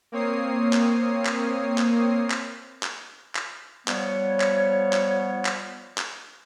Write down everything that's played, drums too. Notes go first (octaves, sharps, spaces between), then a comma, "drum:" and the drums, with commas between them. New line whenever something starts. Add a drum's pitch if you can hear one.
A#3 C4 C#5 D#6 C7
drum: clap
drum: clap
drum: clap
drum: clap
drum: clap
drum: clap
F3 G3 B3 C#5, drum: clap
drum: clap
drum: clap
drum: clap
drum: clap